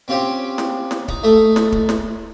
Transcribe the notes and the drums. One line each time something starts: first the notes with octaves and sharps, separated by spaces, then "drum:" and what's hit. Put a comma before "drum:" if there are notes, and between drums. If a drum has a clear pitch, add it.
C4 C#4 F4 G4 C5 G5
drum: snare
drum: snare
D#4, drum: kick
A3 D#4 A4
drum: snare
drum: kick
drum: snare